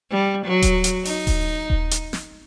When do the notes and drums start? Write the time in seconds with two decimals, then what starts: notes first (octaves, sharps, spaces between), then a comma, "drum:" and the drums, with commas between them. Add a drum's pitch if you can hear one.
0.11 G3
0.46 F#3
0.62 drum: kick D#1, hi-hat
0.84 drum: hi-hat
1.05 D#4, drum: open hi-hat
1.27 drum: kick D#1, open hi-hat
1.70 drum: kick D#1
1.91 drum: hi-hat
2.13 drum: snare